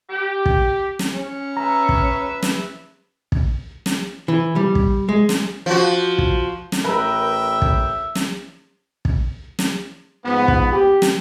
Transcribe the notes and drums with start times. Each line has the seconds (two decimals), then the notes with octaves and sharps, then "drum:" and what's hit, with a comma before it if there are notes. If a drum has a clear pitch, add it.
0.10 G4
0.46 drum: kick
0.99 drum: snare
1.14 C#4
1.57 B4 E5 A#5
1.89 drum: kick
2.42 drum: snare
3.32 drum: kick
3.86 drum: snare
4.28 E3
4.56 G3
4.75 drum: kick
5.09 G#3
5.29 drum: snare
5.66 F3 F#4
6.18 drum: kick
6.72 drum: snare
6.84 A1 A#4 B4 E5 G5 B5
7.62 drum: kick
8.15 drum: snare
9.05 drum: kick
9.59 drum: snare
10.25 G#2 F3 B3
10.48 drum: kick
10.72 G4
11.02 drum: snare